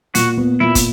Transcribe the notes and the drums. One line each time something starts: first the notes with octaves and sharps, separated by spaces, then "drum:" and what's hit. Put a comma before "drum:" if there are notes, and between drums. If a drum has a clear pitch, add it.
A#2 F#4, drum: hi-hat
B3
A#2 E4
drum: kick, hi-hat